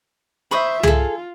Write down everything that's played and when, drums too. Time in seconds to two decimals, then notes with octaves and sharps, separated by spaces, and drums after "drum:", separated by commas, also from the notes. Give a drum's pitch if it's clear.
0.51 C5 E5 B5 C#6 D#6
0.83 F4 G#4 A4, drum: tom